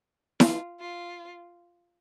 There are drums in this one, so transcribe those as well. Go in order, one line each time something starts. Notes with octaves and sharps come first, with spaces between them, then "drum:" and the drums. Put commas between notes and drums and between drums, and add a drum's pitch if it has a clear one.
F4, drum: snare E4
F4